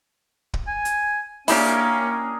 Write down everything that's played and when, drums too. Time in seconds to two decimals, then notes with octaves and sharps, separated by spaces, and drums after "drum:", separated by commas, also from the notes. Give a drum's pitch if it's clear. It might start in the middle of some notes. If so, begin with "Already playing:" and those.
0.54 drum: kick
0.68 G#5
0.85 drum: hi-hat
1.48 A#3 C#4 D4 E4 G4 G#4 A#4 D5, drum: open hi-hat